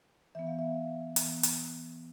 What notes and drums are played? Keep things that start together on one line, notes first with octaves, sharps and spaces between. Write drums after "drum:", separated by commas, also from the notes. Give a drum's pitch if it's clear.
E3 B3 E5
F5
E5
E3 B3, drum: hi-hat
drum: hi-hat